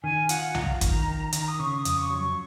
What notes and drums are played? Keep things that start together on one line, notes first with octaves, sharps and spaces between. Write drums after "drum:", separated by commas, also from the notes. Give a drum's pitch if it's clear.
D#3 G#5
F4 F#5, drum: hi-hat
F4 A#5, drum: tom B1
D#3, drum: kick, hi-hat
D#3
D#3, drum: hi-hat
D#6
C#3 C#6
D#6
F2, drum: hi-hat
C#6
F#3
C#6